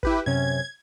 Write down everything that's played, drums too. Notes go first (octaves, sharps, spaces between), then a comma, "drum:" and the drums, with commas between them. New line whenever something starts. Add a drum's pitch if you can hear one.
E4 G4 B4, drum: kick
F#2 C3 C#4 G#6